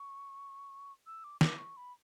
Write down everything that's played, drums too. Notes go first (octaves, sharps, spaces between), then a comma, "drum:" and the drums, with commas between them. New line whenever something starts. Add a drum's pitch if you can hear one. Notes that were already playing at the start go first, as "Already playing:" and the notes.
Already playing: C#6
E6
D6
D6, drum: snare
C#6
B5